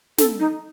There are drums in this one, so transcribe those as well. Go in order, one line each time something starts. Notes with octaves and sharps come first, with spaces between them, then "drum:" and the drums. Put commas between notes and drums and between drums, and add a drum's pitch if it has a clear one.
A4, drum: snare
D#4